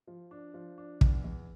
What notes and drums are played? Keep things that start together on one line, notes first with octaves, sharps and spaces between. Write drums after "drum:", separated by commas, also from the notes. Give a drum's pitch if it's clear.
F3
D4
F3
D4
E2, drum: kick
E2